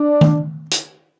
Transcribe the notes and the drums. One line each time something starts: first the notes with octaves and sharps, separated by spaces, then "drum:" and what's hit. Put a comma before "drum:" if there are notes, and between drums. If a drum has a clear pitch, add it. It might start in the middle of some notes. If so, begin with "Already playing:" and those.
Already playing: D4
drum: tom D#3
drum: hi-hat